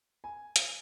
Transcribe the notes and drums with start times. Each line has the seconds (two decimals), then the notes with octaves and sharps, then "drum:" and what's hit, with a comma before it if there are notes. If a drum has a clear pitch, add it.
0.24 G#5
0.56 drum: hi-hat